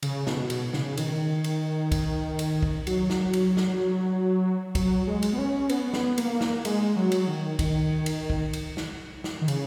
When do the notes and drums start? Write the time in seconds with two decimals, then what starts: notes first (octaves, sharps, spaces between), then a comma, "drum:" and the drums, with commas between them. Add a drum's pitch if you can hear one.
0.03 C#3, drum: cymbal
0.27 B2, drum: snare
0.50 B2, drum: cymbal
0.73 C#3, drum: snare
0.97 D#3, drum: cymbal
1.44 drum: cymbal
1.92 drum: kick, cymbal
2.39 drum: cymbal
2.62 drum: kick
2.87 F#3, drum: cymbal
3.10 drum: snare
3.33 drum: cymbal
3.57 drum: snare
4.75 F#3, drum: kick, cymbal
5.07 G#3
5.22 drum: cymbal
5.33 B3
5.38 C#4
5.69 B3, drum: cymbal
5.93 drum: snare
6.18 A#3, drum: cymbal
6.41 drum: snare
6.65 G#3, drum: cymbal
6.96 F#3
7.12 drum: cymbal
7.27 D#3
7.59 D#3, drum: kick, cymbal
8.06 drum: cymbal
8.30 drum: kick
8.53 drum: cymbal
8.77 drum: snare
9.24 drum: snare
9.41 D#3
9.48 C#3, drum: cymbal